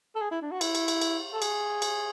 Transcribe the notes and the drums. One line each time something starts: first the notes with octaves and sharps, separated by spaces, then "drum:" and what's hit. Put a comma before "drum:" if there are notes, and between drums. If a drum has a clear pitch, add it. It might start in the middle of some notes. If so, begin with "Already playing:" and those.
A4
G#4
E4
D4
F#4
E4, drum: cymbal
drum: cymbal
drum: cymbal
drum: cymbal
A4
G#4, drum: cymbal
drum: cymbal